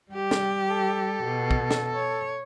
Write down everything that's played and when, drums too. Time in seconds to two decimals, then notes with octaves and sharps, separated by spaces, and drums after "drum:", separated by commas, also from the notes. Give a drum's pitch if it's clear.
0.11 G3 G4
0.31 drum: snare
0.68 A4
1.23 B2
1.51 drum: kick
1.71 drum: snare
1.95 C#5